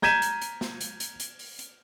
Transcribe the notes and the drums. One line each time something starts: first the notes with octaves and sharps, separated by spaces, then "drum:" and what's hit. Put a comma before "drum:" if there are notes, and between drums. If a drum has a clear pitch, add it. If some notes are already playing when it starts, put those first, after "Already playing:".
A#5 G6 G#6 B6 D#7 E7, drum: snare
drum: hi-hat
drum: hi-hat
drum: snare
drum: hi-hat
drum: hi-hat
drum: hi-hat
drum: open hi-hat
drum: hi-hat